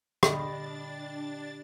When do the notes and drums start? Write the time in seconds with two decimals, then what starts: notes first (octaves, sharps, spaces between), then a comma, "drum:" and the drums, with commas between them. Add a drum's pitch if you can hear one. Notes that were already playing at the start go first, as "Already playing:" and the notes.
0.23 A#2 D3 G3 D4 D#5 A6, drum: rim click